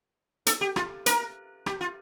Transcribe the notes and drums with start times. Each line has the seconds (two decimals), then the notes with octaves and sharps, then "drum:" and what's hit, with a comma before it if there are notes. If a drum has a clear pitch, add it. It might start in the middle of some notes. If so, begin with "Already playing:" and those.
0.47 A4, drum: hi-hat
0.61 G4
0.76 F4, drum: rim click
1.06 A#4, drum: hi-hat
1.66 G4, drum: rim click
1.81 F4